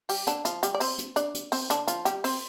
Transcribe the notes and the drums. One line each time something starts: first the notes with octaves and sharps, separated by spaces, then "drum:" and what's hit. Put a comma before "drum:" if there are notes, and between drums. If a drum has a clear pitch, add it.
G3 G4, drum: open hi-hat
D3 D4, drum: hi-hat
F3 F4, drum: hi-hat
G3 G4, drum: hi-hat
D5
C4 C5, drum: open hi-hat
drum: hi-hat
D4 D5, drum: hi-hat
drum: hi-hat
C4 C5, drum: open hi-hat
D3 D4, drum: hi-hat
F3 F4, drum: hi-hat
G3 G4, drum: hi-hat
C4 C5, drum: open hi-hat